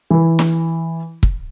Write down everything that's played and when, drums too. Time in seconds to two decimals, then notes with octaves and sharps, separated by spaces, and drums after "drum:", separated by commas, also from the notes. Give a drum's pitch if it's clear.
0.11 E3
0.39 drum: snare
1.23 drum: kick